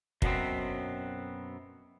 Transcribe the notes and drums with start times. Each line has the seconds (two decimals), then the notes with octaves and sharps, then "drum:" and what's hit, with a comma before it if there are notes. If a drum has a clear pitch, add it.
0.22 F#2 B2 F#3 B3 C4, drum: kick